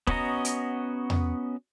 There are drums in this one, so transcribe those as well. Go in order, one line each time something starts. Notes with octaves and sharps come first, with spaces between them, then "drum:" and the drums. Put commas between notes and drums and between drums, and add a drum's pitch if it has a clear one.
B3 C#4 F#4 D#5 A#5, drum: kick
drum: hi-hat
drum: tom E2